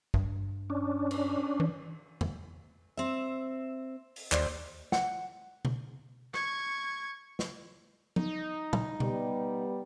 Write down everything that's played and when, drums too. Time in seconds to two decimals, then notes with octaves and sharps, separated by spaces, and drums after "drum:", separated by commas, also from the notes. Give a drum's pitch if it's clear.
0.14 G2, drum: kick
0.70 C#4 D4
1.11 drum: cymbal
1.60 E3
2.21 drum: tom E2
2.97 C4 E5
4.16 drum: open hi-hat
4.32 D#2 C5 D5, drum: clap
4.92 F#5, drum: snare
5.65 drum: tom B2
6.34 C#6 G#6, drum: rim click
7.39 drum: snare
8.16 D#4, drum: tom
8.73 drum: tom
9.00 G3 B3, drum: tom B2